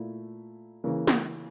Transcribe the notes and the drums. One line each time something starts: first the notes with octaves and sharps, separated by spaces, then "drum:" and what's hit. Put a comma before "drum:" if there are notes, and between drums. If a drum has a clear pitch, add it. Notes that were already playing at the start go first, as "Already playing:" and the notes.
Already playing: A#2 A3 E4
C#3 E3 A#3
drum: snare